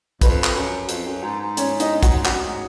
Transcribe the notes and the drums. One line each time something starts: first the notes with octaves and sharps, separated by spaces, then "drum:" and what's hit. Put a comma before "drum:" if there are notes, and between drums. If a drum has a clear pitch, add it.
F2 B4, drum: kick, hi-hat
drum: clap
F#2
F2, drum: hi-hat
F#2
G#2
G#2
C#4 C#5, drum: hi-hat
D#4 D#5, drum: hi-hat
F#4 F#5, drum: kick, hi-hat
G#2
F#2 F#4 F#5, drum: clap
G#2